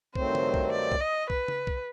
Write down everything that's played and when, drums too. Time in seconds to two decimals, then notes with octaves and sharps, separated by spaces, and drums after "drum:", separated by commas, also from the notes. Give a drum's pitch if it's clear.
0.15 G2 D#3 F#3 A3 C4 C5, drum: kick B1
0.35 drum: tom C#3
0.54 drum: kick B1
0.73 D5
0.92 drum: kick B1
1.01 D#5
1.30 B4, drum: kick B1
1.48 drum: tom C#3
1.67 drum: kick B1